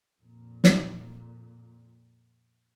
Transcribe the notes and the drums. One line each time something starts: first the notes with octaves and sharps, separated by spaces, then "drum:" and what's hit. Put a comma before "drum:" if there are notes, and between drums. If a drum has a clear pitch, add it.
F2 A#2
drum: snare